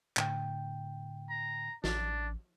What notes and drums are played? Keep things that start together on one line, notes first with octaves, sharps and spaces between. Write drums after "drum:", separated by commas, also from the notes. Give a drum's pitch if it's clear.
A2 D3 G5, drum: clap
A#5
A1 D4, drum: snare